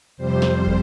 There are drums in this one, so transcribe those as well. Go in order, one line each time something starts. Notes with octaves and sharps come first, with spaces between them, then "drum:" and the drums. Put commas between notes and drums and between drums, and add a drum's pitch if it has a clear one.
F2 C3 G3 C5
drum: snare
drum: kick